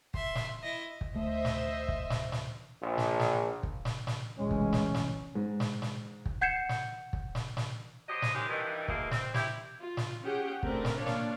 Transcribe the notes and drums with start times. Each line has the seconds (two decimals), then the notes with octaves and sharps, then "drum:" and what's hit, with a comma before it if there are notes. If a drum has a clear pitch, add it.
0.14 E5 C6, drum: kick
0.35 drum: snare
0.63 E4 D#5
1.01 drum: kick
1.15 D2 A3 C5 D#5 E5
1.45 drum: snare
1.88 drum: kick
2.10 drum: snare
2.32 drum: snare
2.82 A#1
2.98 drum: snare
3.20 drum: snare
3.63 drum: kick
3.85 drum: snare
4.07 drum: snare
4.38 F1 B1 E3 G#3 C#4
4.51 drum: kick
4.73 drum: snare
4.94 drum: snare
5.35 G#2
5.60 drum: snare
5.82 drum: snare
6.26 drum: kick
6.41 F#5 G6 G#6 C7 C#7 E7
6.69 drum: snare
7.13 drum: kick
7.35 drum: snare
7.57 drum: snare
8.09 F#3 G4 C5 D#5
8.22 drum: snare
8.34 E3 G#3 A#3 C#4 D#4 G4
8.49 G2 D#3 E3
8.88 D2 D#3 E3 G#3 A#3, drum: kick
9.11 C4, drum: snare
9.34 E4 G4, drum: snare
9.79 F4
9.97 drum: snare
10.22 C#4 G4 G#4 F#5 G5
10.63 A3 C4 D4 A#4 B4, drum: kick
10.85 drum: snare
10.97 A#3 D4 F4 C#5 D5 F5
11.06 drum: snare